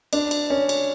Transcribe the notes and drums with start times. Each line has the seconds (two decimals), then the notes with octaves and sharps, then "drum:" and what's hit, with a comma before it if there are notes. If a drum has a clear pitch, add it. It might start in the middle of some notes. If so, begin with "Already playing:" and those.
0.13 D4, drum: cymbal
0.31 drum: cymbal
0.50 C#4
0.69 drum: cymbal